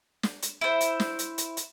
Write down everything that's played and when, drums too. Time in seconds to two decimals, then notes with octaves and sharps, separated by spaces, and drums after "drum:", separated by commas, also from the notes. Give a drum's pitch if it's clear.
0.23 drum: snare
0.42 drum: hi-hat
0.61 E4 C5
0.81 drum: hi-hat
1.00 drum: snare
1.19 drum: hi-hat
1.38 drum: hi-hat
1.57 drum: hi-hat